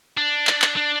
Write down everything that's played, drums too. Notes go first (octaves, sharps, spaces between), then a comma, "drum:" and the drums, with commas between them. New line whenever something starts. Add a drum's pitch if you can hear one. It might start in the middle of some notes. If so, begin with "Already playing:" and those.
D4
drum: clap
drum: clap
D4